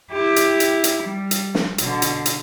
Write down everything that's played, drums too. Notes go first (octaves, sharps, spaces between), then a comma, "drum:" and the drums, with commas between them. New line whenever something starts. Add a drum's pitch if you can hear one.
E4 G4
drum: hi-hat
drum: hi-hat
drum: hi-hat
G3
drum: hi-hat
drum: snare
B2 D3, drum: hi-hat
drum: hi-hat
drum: hi-hat